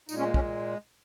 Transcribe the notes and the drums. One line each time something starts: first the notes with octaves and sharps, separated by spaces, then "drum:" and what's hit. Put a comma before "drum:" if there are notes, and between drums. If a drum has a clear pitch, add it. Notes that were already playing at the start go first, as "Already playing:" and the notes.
A#2 G#3 D#4, drum: tambourine
C#4
A#3
C#4, drum: kick